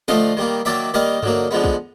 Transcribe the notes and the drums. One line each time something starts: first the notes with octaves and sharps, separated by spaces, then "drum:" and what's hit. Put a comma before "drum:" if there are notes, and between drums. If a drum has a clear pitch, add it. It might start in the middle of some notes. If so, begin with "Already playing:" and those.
D3 F3 A3 D#5 F5, drum: snare
D#3 G3 A#3
D#3 F#3 A#3 D5 E5
D#3 G3 A#3 D#5 F5
D3 F#3 A#3, drum: tom G2
D3 F3 G#3 B3
drum: kick